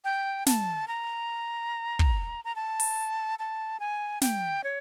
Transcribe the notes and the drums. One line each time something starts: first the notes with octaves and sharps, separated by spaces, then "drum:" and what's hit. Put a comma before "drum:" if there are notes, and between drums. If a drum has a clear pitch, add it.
G5
A5, drum: snare
A#5
drum: kick
A#5
A5
drum: open hi-hat
A5
G#5
G5, drum: snare
C#5